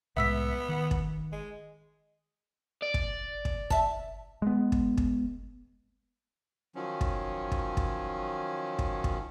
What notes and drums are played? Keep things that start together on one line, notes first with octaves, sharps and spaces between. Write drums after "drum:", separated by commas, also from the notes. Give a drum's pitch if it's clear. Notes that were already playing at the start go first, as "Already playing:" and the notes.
C2 A2 G#3 B3 E5 E6 B6
D#3
drum: kick
G#3
D5
drum: kick
drum: kick
E5 A5, drum: kick
G#3 B3
drum: kick
drum: kick
D#3 F3 F#3 C#4
drum: kick
drum: kick
drum: kick
drum: kick
drum: kick